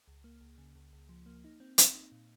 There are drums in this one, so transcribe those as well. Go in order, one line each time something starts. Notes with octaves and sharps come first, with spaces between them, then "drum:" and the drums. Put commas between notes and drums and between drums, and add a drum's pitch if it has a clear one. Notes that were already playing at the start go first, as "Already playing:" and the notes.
C#2
A#3
C#2
C#3
C#2
C#2
F3
A#3
D#4
C4
C4, drum: hi-hat
D#4
A#2